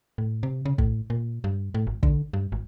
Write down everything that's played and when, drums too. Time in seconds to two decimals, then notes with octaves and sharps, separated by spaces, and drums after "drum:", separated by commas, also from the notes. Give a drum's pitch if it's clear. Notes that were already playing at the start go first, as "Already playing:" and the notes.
0.18 A2
0.43 C3
0.65 C#3
0.78 A2, drum: kick
1.10 A#2
1.44 G2
1.74 A2
1.87 G#1
2.03 D3, drum: kick
2.33 G2
2.52 G#1